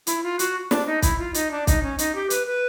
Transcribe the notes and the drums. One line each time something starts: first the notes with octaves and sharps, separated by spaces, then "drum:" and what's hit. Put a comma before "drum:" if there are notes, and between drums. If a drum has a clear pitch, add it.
E4, drum: hi-hat
F4
F#4, drum: hi-hat
D4, drum: snare
D#4
E4, drum: kick, hi-hat
F4
D#4, drum: hi-hat
D4
D#4, drum: kick, hi-hat
C#4
D#4, drum: hi-hat
G4
B4, drum: hi-hat
B4